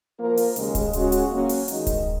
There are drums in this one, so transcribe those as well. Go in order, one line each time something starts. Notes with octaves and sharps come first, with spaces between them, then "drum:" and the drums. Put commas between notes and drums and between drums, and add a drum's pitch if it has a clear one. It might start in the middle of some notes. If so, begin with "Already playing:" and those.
F3 A#3 F4 A#4
drum: open hi-hat
D#2 C#3 G#3, drum: hi-hat
drum: kick D1, hi-hat
C#3 G#3 C#4 F#4, drum: hi-hat
drum: hi-hat
F#3 A#3 C#4 F#4
drum: open hi-hat
D#3 G#3 D#4, drum: hi-hat
drum: kick D1, hi-hat